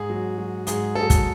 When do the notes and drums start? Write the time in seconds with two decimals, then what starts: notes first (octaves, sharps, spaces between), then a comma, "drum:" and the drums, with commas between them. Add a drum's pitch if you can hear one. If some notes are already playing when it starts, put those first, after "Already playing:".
Already playing: G#2 G#4
0.10 F#3
0.38 F#3
0.67 G#2 G#4, drum: hi-hat
0.95 F#3 A4
1.10 drum: kick, hi-hat